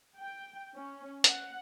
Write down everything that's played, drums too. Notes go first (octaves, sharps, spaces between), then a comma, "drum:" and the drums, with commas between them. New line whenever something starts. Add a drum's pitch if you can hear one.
G5
C#4
F#5, drum: hi-hat